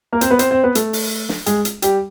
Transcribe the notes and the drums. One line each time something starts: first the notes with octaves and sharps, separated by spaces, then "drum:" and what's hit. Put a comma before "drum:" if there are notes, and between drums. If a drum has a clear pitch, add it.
A#3 A#4
C4 C5, drum: hi-hat
B3 B4
C4 C5, drum: hi-hat
C4 C5
B3 B4
A3 A4, drum: hi-hat
drum: open hi-hat
drum: snare
G#3 G#4, drum: hi-hat
drum: hi-hat
G3 G4, drum: hi-hat